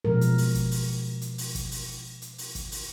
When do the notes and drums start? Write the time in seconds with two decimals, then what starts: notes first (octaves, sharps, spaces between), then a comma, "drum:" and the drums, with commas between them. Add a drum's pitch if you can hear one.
0.05 B2 F3 G#3 A#4
0.21 drum: hi-hat
0.38 drum: open hi-hat
0.55 drum: kick, hi-hat
0.71 drum: open hi-hat
1.21 drum: hi-hat
1.38 drum: open hi-hat
1.55 drum: kick, hi-hat
1.72 drum: open hi-hat
2.22 drum: hi-hat
2.38 drum: open hi-hat
2.55 drum: kick, hi-hat
2.72 drum: open hi-hat